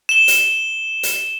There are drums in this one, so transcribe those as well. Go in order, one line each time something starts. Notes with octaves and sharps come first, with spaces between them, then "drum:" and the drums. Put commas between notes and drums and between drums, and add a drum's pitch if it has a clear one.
E7 G7
drum: hi-hat
drum: hi-hat